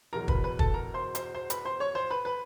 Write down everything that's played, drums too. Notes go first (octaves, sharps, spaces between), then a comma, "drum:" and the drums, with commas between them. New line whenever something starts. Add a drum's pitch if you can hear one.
E2 B2 F#3 A#4 A#5
B4 B5, drum: kick
B4 B5
A4 A5, drum: kick
A#4 A#5
C5 C6
C5 C6, drum: hi-hat
C5 C6
B4 B5, drum: hi-hat
C5 C6
C#5 C#6
C5 C6
B4 B5
B4 B5